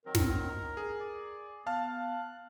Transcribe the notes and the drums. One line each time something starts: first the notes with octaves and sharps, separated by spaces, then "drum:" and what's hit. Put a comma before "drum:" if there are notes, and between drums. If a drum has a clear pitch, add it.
D#3 F#3 C4 A#4
drum: snare
A#5
G#4
D5
B3 F5 A5 F6 F#6